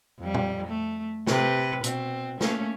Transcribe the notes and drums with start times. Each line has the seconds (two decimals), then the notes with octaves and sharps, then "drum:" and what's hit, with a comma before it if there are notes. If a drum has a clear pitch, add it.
0.19 F2 G3
0.34 drum: tom
0.68 A3
1.27 C3 B4, drum: snare
1.84 B2 C4, drum: hi-hat
2.41 A3 A#3 C#4, drum: snare